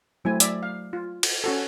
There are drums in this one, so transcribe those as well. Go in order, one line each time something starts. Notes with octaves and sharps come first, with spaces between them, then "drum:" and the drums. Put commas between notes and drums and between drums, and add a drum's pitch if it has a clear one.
F#3 A3 C4 E4 G#5
D5 E5, drum: hi-hat
F5
F4
drum: cymbal
C#4 F#4 A4